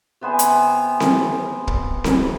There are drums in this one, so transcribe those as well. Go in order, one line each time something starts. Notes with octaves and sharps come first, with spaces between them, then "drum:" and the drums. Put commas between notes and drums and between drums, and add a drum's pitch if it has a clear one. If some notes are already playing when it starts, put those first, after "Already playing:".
C3 B3 C5 G#5
drum: hi-hat
drum: snare C4
drum: kick
drum: snare C4